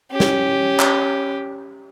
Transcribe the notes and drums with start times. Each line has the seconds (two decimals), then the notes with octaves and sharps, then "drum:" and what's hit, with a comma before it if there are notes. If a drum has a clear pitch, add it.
0.11 C#4 G4
0.20 drum: snare
0.80 drum: clap